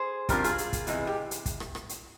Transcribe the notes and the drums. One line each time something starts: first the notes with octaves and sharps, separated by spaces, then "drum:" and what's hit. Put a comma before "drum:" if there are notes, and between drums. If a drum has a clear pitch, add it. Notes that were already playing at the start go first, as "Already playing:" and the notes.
Already playing: G#4 C5
G2 F3 C4 F4 G4 A#4, drum: kick, hi-hat
F4 G#4, drum: hi-hat
drum: hi-hat
drum: kick, hi-hat
E2 C3 E3 G#3, drum: hi-hat
G4
drum: hi-hat
drum: kick, hi-hat
drum: rim click
drum: rim click
drum: hi-hat